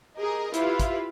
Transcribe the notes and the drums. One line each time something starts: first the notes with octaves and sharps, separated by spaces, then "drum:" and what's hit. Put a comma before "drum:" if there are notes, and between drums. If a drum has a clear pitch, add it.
G4 G#4 A#4 D#5
E4 F4 G4 B4 F5, drum: hi-hat
drum: kick, hi-hat